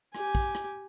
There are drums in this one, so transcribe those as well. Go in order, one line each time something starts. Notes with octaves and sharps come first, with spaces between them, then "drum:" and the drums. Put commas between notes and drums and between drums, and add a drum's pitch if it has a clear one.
G4 G#5, drum: rim click
drum: kick
drum: rim click